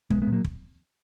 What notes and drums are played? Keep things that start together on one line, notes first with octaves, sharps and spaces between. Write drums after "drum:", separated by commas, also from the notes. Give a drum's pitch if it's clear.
B1 G#3 B3, drum: kick
G#3 B3
A#2
F#3 A#3
drum: kick